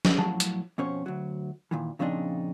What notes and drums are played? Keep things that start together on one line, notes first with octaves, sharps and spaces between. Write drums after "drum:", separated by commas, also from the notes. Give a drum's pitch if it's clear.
drum: snare
A2 F3 F#3 A5
drum: hi-hat
F2 B2 C#4 C5 C#5
D2 F#3
A#2 D#3 E3
A#2 C#3 F3 C4 D4 D#4